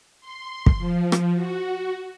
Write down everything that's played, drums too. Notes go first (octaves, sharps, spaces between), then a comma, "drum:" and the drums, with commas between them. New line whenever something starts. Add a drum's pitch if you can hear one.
C6
drum: kick
F3
drum: rim click
F#4